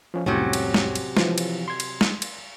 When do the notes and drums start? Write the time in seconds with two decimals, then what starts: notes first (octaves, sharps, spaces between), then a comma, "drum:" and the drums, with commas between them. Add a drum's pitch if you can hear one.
0.14 F3 C#4
0.26 C2 F2 A2 C3 F#3 C#4
0.53 drum: cymbal
0.74 drum: snare
0.95 drum: cymbal
1.17 E3 F3 F4, drum: snare
1.38 drum: cymbal
1.68 C6 G#6
1.80 drum: cymbal
2.01 drum: snare
2.22 drum: cymbal